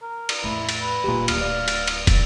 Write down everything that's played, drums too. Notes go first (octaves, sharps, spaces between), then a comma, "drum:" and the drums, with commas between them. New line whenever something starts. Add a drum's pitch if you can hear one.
A#4
drum: cymbal
E2 A2 E4
drum: cymbal
B4
D#1 A#2 A#3 G4
D1 F5, drum: cymbal
D5
drum: cymbal
drum: cymbal
drum: kick, cymbal